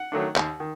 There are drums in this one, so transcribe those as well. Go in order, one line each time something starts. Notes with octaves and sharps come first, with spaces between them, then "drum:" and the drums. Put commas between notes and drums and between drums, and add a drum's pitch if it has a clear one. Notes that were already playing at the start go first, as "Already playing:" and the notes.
Already playing: F#5
D#3 F#3 A3 D4
D#2, drum: clap
D#3